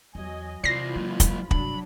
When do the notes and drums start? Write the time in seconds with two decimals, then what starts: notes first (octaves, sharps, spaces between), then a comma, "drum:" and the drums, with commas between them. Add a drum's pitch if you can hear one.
0.15 E2 F#3 D#5 G#5
0.64 C3 E3 E4 F4 D5 B5 A#6 C7
0.96 F#3 G#3 A#3
1.20 drum: kick, hi-hat
1.51 F1 G2 F#3 D4 B5, drum: kick